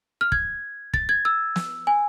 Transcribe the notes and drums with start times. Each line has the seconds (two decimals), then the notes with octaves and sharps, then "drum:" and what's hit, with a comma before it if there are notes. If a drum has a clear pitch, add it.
0.21 F6
0.32 G#6, drum: kick
0.94 A6, drum: kick
1.09 G#6
1.25 E6
1.56 drum: snare
1.87 G#5